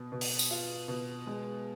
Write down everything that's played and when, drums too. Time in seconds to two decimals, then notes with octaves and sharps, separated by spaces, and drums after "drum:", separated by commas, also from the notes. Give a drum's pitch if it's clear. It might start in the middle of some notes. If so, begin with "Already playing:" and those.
Already playing: B2
0.12 B2
0.21 drum: open hi-hat
0.39 drum: tambourine
0.51 F4
0.88 B2
1.27 G#3